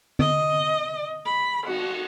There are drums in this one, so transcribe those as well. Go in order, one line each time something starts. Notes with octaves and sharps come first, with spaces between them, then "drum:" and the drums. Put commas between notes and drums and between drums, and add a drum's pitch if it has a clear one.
D#5, drum: tom
B5
F#4, drum: cymbal